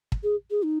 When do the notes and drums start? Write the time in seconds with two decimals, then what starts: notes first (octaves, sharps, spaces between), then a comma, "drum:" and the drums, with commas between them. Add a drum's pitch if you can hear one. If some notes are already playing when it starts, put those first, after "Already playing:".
0.12 drum: kick
0.23 G#4
0.51 G#4
0.64 D#4